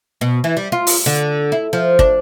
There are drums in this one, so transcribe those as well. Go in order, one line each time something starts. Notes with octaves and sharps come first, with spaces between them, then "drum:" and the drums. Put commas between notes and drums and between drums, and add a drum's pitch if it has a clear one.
B2
E3
G3
F4
drum: open hi-hat
D3
E4
F3
D4, drum: kick